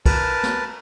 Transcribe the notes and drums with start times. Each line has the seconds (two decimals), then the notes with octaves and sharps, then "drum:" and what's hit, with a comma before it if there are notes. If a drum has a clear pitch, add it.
0.06 A#4 B4 A5, drum: kick, cymbal
0.43 drum: snare